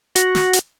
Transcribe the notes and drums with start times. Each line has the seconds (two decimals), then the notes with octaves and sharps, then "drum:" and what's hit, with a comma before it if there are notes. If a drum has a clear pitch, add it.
0.16 F#4, drum: hi-hat
0.35 drum: snare
0.53 drum: hi-hat